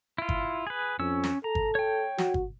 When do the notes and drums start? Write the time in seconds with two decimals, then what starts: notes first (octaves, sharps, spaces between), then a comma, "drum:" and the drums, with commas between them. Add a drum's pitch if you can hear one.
0.18 E4 F4
0.29 drum: kick G1
0.67 G#4 B4
0.99 F2 C#4 E6
1.24 drum: snare
1.44 A4 A#5
1.55 drum: kick G1
1.75 C#5 G5
2.18 F#4, drum: snare
2.34 drum: kick G1